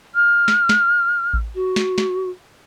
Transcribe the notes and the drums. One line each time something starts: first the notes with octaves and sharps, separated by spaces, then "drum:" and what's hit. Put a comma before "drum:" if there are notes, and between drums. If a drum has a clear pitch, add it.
F6
drum: snare
drum: snare
drum: kick A1
F#4
drum: snare
drum: snare